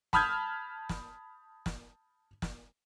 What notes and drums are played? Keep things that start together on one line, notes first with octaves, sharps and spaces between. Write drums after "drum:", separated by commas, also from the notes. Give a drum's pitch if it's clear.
A5 B5 D#6 F6 G6 G#6, drum: snare
drum: snare
drum: snare
drum: snare